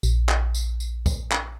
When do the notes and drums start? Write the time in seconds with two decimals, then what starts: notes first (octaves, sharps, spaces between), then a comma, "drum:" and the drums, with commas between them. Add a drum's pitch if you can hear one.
0.03 A#1, drum: tambourine
0.29 drum: clap
0.55 drum: tambourine
0.80 drum: tambourine
1.06 drum: kick, tambourine
1.31 drum: clap